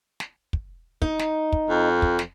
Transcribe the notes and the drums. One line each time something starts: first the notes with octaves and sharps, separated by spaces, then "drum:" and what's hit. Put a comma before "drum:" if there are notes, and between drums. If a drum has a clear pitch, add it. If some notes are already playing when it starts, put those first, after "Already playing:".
drum: snare
drum: kick
D#4, drum: kick
drum: snare
drum: kick
F2
drum: kick
drum: snare